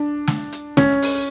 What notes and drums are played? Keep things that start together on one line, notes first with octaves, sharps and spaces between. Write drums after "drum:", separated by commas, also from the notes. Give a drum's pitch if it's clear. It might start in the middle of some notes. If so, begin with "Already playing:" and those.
Already playing: D4
drum: snare
drum: hi-hat
C#4, drum: snare
drum: open hi-hat